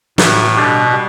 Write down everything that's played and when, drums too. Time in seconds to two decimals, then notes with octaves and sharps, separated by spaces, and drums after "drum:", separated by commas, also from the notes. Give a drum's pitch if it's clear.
0.18 A2 F#3 B3 E4 G4, drum: snare
0.55 B2 D3 G3 D4 G4
0.93 G3